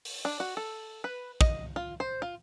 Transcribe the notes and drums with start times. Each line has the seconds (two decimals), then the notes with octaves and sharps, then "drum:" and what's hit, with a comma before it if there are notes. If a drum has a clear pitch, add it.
0.05 drum: open hi-hat
0.25 D4
0.40 F#4
0.57 A4
1.04 B4
1.41 D#5, drum: kick
1.76 F4
2.00 C5
2.22 F4